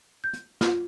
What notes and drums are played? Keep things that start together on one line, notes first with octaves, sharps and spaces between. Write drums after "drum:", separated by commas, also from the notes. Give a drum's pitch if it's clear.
G6
drum: hi-hat
F4, drum: snare